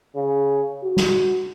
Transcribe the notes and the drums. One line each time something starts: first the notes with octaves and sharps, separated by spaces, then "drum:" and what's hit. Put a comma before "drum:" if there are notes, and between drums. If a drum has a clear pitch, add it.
C#3
F#4
drum: snare